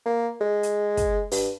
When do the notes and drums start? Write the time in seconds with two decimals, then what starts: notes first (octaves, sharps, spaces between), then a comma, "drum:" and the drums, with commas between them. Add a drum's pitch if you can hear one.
0.06 A#3
0.41 G#3
0.63 drum: hi-hat
0.97 drum: kick, hi-hat
1.31 G2, drum: open hi-hat